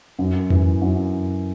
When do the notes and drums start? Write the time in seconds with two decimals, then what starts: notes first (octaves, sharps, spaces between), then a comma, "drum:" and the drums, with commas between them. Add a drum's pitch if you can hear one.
0.19 F#2
0.50 E3, drum: tom F2
0.82 F#2